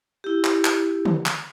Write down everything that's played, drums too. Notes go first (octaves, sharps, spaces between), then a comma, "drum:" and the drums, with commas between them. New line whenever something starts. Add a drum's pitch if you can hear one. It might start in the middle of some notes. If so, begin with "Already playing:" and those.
E4 G4
drum: clap
drum: clap
drum: tom
drum: clap